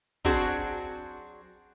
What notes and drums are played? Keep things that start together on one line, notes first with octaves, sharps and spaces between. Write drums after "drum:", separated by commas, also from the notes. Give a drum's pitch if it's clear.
F#3 C4 D4 F#4 G#4, drum: kick